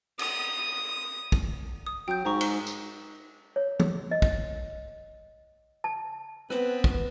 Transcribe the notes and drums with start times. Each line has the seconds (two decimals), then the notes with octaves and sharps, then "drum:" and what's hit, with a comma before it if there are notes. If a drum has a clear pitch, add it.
0.19 D#6, drum: cymbal
1.32 drum: kick
1.87 D#6
2.08 F#3 G5 G6
2.25 G#2 C5 A#5 C#6
2.41 G7, drum: cymbal
2.67 drum: tambourine
3.56 C#5
3.80 drum: tom
4.11 D#5
4.22 drum: kick
5.84 A5
6.50 B3 C4 B4, drum: rim click
6.84 drum: kick